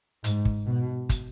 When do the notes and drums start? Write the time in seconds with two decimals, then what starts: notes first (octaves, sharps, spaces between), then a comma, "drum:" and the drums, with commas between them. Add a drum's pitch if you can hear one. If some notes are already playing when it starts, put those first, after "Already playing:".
0.24 G#2, drum: hi-hat
0.45 drum: kick
0.66 B2
1.09 drum: kick, hi-hat